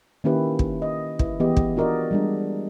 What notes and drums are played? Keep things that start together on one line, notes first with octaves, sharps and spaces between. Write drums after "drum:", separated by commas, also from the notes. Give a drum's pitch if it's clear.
D#3 A#3 C#4 E4 G4 B4
drum: kick
D#5
E4 B4, drum: kick
E3 B3 G4 G#4 D#5
drum: kick
D4 F4 F#4 A#4 D5 D#5
G3 G#3 D4